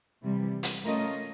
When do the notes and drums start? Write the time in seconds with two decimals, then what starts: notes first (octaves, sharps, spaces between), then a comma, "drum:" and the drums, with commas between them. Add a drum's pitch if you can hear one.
0.21 C3 E3 G3
0.63 drum: hi-hat
0.83 A3 C#4 F4 A#4 D#5